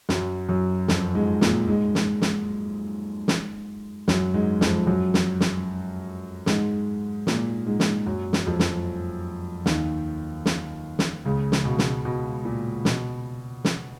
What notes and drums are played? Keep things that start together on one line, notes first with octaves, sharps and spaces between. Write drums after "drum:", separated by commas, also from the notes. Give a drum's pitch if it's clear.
F#2 F#3, drum: snare
F#2 F#3
F2 F3, drum: snare
G#2 G#3
A#2 A#3, drum: snare
G#2 G#3
drum: snare
drum: snare
drum: snare
F#2 F#3, drum: snare
G#2 G#3
F2 F3, drum: snare
F#2 F#3
drum: snare
drum: snare
G#2 G#3, drum: snare
A#2 A#3, drum: snare
G#2 G#3
drum: snare
F#2 F#3
drum: snare
F2 F3
drum: snare
D#2 D#3, drum: snare
drum: snare
drum: snare
C#2 C#3
drum: snare
B2
drum: snare
B2
A#2
B2, drum: snare
drum: snare